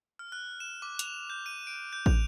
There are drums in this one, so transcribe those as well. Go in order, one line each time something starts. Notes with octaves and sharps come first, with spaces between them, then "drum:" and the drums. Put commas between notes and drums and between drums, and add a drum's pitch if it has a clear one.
F6
F#6
E7
D6
F7, drum: hi-hat
G6
D#7
D7
G6
F7, drum: kick